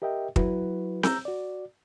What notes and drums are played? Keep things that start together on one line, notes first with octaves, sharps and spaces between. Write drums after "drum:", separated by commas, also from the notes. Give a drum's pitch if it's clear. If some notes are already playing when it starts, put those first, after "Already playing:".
G4 A#4 D#5 E5 G5
F#3 E4 F#4 B4, drum: kick
A#5 E6 G6, drum: snare C4
F#4 D5